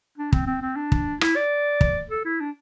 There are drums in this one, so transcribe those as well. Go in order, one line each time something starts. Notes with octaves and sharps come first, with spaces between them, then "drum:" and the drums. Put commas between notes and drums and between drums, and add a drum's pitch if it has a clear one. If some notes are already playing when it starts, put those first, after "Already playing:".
D4
C4, drum: kick
C4
C4
D4
drum: kick
E4, drum: rim click
D5
drum: kick
A4
E4
D4